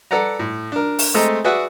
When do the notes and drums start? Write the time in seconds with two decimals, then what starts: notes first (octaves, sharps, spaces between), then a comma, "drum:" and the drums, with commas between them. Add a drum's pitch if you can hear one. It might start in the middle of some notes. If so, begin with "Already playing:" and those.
0.11 A4 B4 D5 F#5 A#5
0.39 A2
0.72 D4 A#4
0.99 drum: open hi-hat
1.14 G#3 A3 C4 A4 D#5 A#5
1.44 F#4 G#4 B4 D5 E5 F#5